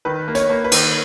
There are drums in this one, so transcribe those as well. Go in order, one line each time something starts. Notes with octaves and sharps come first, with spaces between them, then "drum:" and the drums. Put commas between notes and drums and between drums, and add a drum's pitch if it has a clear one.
D#3 B4
A#3
C#5, drum: hi-hat
A#3
B4
D#3, drum: cymbal